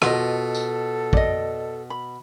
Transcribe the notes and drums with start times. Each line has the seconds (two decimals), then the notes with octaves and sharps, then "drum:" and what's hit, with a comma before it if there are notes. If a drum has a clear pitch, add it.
0.02 B2 F4 A4 D#5, drum: rim click
0.54 drum: tambourine
1.13 D5 D#5, drum: kick
1.90 B5